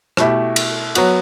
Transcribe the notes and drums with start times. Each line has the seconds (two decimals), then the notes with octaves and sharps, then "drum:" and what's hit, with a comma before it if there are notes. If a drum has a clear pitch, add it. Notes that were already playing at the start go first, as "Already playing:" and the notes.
0.17 B2 A3 E4 G4, drum: rim click
0.56 drum: cymbal
0.95 F#3 B3 F#4, drum: cymbal